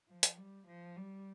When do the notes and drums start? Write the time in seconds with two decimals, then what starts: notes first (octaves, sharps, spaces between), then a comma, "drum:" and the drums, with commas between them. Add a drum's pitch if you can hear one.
0.09 F3
0.23 drum: hi-hat
0.37 G3
0.67 F3
0.97 G3